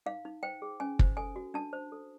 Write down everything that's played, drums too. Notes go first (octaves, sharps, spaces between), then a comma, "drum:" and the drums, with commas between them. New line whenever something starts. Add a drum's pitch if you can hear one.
D#4 F5
D#4
C5 G5
G#4
C#4 G#5
C5, drum: kick
A4 G#5
F#4
D4 A5
C5
A4